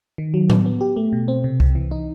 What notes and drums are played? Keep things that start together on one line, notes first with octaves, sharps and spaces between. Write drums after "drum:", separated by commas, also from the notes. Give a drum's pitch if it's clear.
D#3
F#3
B3, drum: tom A2
B3
G4
A3
B2
C4
C3
C3, drum: kick C2
E3
D#4